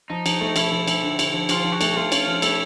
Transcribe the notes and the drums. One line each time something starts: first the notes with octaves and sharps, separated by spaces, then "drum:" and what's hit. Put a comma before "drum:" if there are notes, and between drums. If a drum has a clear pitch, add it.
F3 D#4
F3, drum: cymbal
A3
F3 E4, drum: cymbal
F3
F3, drum: cymbal
D3
D3, drum: cymbal
F3
F3 F4, drum: cymbal
F3
F#4
A3, drum: cymbal
A3 F4
C#4, drum: cymbal
F3
A3 E4, drum: cymbal